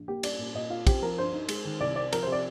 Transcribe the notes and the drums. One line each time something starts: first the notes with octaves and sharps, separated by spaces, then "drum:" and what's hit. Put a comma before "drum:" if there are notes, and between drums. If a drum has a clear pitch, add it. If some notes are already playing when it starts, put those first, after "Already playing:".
Already playing: A#1
A#3 G4
G3 D5, drum: cymbal
A#2
A#2 D#5
F4 F5
C4 G4, drum: kick, cymbal
F3 A#4
G2 C5
D#4
G#3, drum: cymbal
D#3
C2 D5
C4 D5
F3 A#4, drum: cymbal
C3 C5
D5